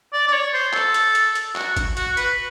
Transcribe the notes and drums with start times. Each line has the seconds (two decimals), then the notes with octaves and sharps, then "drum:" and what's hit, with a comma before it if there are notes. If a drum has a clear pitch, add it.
0.13 D5
0.28 D5
0.33 C#5
0.54 C5
0.73 A4, drum: clap
0.94 drum: hi-hat
1.15 drum: hi-hat
1.35 drum: hi-hat
1.56 F#4, drum: clap
1.77 drum: kick, hi-hat
1.97 F#4, drum: hi-hat
2.17 B4, drum: hi-hat